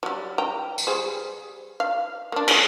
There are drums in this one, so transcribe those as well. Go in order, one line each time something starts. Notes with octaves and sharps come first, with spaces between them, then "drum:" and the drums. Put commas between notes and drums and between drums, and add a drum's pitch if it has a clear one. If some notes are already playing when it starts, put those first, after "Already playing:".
F#3 G3
G5 A#5
drum: tambourine
G3 G#4 C5
F5
A#3 D4
G#4 G#5, drum: cymbal